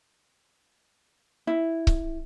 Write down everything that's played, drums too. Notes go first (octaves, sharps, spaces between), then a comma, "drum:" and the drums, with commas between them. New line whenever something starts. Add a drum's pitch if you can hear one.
E4
drum: kick C#1